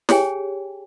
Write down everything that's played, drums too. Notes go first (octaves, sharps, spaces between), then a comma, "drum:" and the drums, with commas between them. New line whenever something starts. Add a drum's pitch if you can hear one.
G4 G#4 C#5 G5 G#5, drum: snare